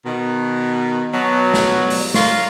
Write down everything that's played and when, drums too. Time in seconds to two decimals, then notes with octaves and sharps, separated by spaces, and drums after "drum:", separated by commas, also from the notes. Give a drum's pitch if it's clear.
0.06 B2 D#3
1.14 B2 F#3
1.54 drum: snare
1.90 drum: open hi-hat
2.14 F4 A#4 C#5, drum: snare